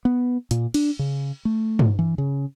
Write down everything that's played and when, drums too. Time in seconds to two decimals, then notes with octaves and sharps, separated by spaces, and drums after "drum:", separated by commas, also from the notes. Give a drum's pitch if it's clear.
0.05 B3
0.51 A#2, drum: hi-hat
0.74 D4, drum: cymbal
0.99 C#3
1.45 A3
1.79 drum: tom
1.99 E3
2.18 C#3